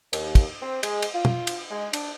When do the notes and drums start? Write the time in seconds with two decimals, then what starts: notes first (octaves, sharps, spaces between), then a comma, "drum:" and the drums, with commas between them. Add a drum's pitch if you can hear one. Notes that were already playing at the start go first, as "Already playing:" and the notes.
0.13 D#2, drum: cymbal
0.35 drum: kick, cymbal
0.62 C4
0.83 G#3, drum: cymbal
1.02 drum: cymbal
1.15 F4
1.25 drum: tom
1.47 drum: cymbal
1.71 G#3
1.93 D4, drum: cymbal